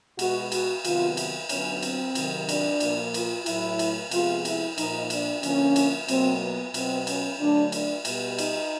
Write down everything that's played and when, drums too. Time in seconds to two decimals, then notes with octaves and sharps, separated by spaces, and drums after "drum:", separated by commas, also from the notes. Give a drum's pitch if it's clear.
0.19 B2 G#3 B3 F#4, drum: cymbal
0.52 F#4, drum: cymbal
0.85 C3 D#3 F#3 B3 F4, drum: cymbal
1.17 drum: cymbal
1.49 D3 F#3 B3 C#4, drum: cymbal
1.83 C4, drum: cymbal
2.15 C3 D#3 F#3, drum: cymbal
2.49 D4, drum: cymbal
2.80 A#2 F3 A#3, drum: cymbal
3.14 F4, drum: cymbal
3.46 A2 F#3 A3 E4, drum: cymbal
3.79 drum: cymbal
4.11 C3 F3 G#3 B3 F4, drum: cymbal
4.45 E4, drum: cymbal
4.78 A#2 F3 A#3 D#4, drum: cymbal
5.10 D4, drum: cymbal
5.43 D3 F3 A#3 C#4, drum: cymbal
5.76 drum: cymbal
6.08 B2 F#3 A#3 C4, drum: cymbal
6.42 B3
6.74 B2 F#3 B3 C4, drum: cymbal
7.07 C#4, drum: cymbal
7.40 D3 F#3 A3 D4
7.72 D4, drum: cymbal
8.05 B2 G3 B3, drum: cymbal
8.38 D#4, drum: cymbal